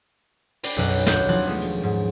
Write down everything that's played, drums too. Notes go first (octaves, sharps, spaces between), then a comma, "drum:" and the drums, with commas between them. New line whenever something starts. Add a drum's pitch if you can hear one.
B4 D5, drum: cymbal
B1 F#2 F#3 C#4 B4 F#6
D#1 D4 F4 C#5 F#6 G6, drum: snare
F3 F#3 C4 A5 F#6 G#6
F3 G#3 A3 B3 C#4
drum: hi-hat
G#2